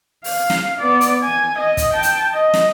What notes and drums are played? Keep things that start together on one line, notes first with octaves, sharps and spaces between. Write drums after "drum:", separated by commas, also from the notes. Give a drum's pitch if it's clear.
F5, drum: open hi-hat
drum: snare
B3 D5
drum: hi-hat
G#5
D#5
drum: kick, hi-hat
G5 A5
drum: hi-hat
D#5
drum: snare